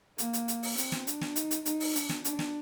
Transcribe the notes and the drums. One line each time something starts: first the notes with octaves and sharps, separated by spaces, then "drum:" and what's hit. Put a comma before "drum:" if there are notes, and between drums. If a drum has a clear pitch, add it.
A#3, drum: hi-hat
drum: hi-hat
drum: hi-hat
drum: open hi-hat
C4, drum: hi-hat
drum: snare
D4, drum: hi-hat
drum: snare
D#4, drum: hi-hat
drum: hi-hat
D#4, drum: hi-hat
drum: open hi-hat
D4, drum: hi-hat
drum: snare
D4, drum: hi-hat
drum: snare